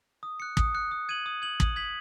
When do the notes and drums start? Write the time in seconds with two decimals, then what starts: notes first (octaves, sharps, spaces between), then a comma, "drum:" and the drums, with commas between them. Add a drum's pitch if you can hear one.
0.23 D#6
0.40 F#6 C#7
0.57 D#6, drum: kick
0.75 F#6 C#7
0.91 D#6
1.09 G#6 D#7 F#7
1.26 D#6
1.42 G#6 D#7 F#7
1.60 D#6, drum: kick
1.76 G#6 B6 F#7